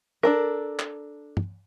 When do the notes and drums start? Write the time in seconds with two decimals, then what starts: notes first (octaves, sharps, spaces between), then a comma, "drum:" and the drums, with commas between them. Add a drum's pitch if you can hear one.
0.23 D4 A4 A#4
0.79 drum: clap
1.37 drum: tom